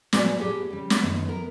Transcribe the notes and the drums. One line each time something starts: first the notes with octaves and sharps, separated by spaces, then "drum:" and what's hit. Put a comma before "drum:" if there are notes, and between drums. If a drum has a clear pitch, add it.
A#2 F#3 B4 D5 G#5, drum: snare
A2 B3 G4 G#4 C#5 F#5
C#3 G3
drum: snare
F#2 D#3 B3
B3 A#4